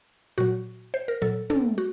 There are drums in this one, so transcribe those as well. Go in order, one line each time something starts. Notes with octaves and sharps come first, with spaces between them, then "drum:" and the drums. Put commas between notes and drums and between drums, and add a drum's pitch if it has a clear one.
A#2 F#3 F#4
C5
A#4
A#2 F#3 A4
A4, drum: tom
F#4